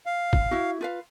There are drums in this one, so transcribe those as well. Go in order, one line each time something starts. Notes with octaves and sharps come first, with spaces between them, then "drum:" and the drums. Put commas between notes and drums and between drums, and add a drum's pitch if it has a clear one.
F5
drum: kick
E4 F#4
F4 B4 F5